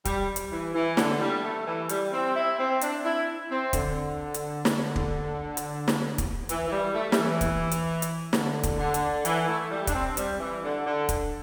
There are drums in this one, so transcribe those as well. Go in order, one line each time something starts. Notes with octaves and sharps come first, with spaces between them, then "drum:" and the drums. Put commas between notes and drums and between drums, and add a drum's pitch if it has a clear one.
G3, drum: kick, hi-hat
drum: hi-hat
E3
E3
D3, drum: snare
G3
A3
E3
G3, drum: hi-hat
C4
E4
C4
D4, drum: hi-hat
E4
C4
D3, drum: kick, hi-hat
drum: hi-hat
drum: snare
drum: kick
drum: hi-hat
drum: snare
drum: kick, hi-hat
E3, drum: hi-hat
E3
G3
A3
G3, drum: snare
E3
drum: kick, hi-hat
drum: hi-hat
drum: hi-hat
D3, drum: snare
drum: kick, hi-hat
D3
drum: hi-hat
E3, drum: hi-hat
A3
G3
D4, drum: kick, hi-hat
C4
G3, drum: hi-hat
E3
D3
D3
drum: kick, hi-hat